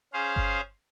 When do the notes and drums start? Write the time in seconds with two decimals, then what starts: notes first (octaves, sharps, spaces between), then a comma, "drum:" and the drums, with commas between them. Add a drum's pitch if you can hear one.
0.13 C#4 G#4 C5 F5
0.36 drum: kick G1